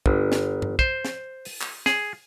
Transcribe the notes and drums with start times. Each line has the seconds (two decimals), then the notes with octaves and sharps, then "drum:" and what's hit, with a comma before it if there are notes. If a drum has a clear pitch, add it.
0.06 G1, drum: kick
0.32 drum: snare
0.62 drum: tom G2
0.79 C5, drum: kick
1.05 drum: snare
1.45 drum: open hi-hat
1.61 drum: clap
1.86 G#4, drum: snare